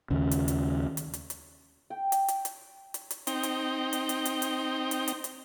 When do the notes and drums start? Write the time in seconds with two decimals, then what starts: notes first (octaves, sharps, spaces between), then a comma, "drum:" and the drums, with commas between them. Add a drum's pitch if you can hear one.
0.10 D#2 C#3
0.31 drum: hi-hat
0.48 drum: hi-hat
0.97 drum: hi-hat
1.14 drum: hi-hat
1.30 drum: hi-hat
1.90 G5
2.12 drum: hi-hat
2.28 drum: hi-hat
2.45 drum: hi-hat
2.94 drum: hi-hat
3.11 drum: hi-hat
3.27 C4 D#4 G5, drum: hi-hat
3.43 drum: hi-hat
3.93 drum: hi-hat
4.09 drum: hi-hat
4.25 drum: hi-hat
4.42 drum: hi-hat
4.91 drum: hi-hat
5.08 drum: hi-hat
5.24 drum: hi-hat